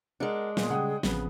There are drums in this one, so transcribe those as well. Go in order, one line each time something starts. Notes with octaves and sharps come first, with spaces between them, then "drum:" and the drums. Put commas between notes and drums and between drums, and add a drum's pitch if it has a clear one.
G#3 D4 G#4 A#4 F#5
A#2 B3 F4 G#4 C6, drum: snare
C#3 G3 F#5 G5 D#6
A1 C#3 F3 B3 C4, drum: snare